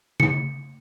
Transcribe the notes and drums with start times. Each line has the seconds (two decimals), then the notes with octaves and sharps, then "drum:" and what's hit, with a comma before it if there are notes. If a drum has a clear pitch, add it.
0.20 C#7, drum: tom C#3